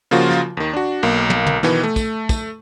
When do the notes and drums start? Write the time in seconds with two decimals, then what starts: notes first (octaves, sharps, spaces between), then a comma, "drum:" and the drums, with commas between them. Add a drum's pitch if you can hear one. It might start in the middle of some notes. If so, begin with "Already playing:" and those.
0.11 C#3 F3 A#3 F4 F#4
0.30 drum: snare
0.57 D#2 D#3
0.73 D4 F#4
1.03 B1 A#3 F5
1.30 drum: tom
1.46 drum: tom
1.63 B2 D#3 E3 B3, drum: snare
1.83 A3
1.96 drum: kick, tambourine
2.29 drum: kick, tambourine